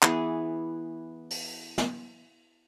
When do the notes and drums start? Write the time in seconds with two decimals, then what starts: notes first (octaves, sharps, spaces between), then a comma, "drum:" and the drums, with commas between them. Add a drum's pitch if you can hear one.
0.02 E3 B3 G#4, drum: clap
1.30 drum: open hi-hat
1.78 drum: snare